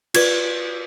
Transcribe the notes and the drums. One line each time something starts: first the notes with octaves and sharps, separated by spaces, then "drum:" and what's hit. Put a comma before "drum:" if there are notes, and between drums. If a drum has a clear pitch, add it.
F4 B4 D5 G#6, drum: cymbal